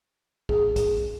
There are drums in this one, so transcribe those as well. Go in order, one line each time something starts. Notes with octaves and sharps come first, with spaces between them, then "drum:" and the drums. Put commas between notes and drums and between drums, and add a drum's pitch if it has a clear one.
G#4, drum: kick
drum: kick, hi-hat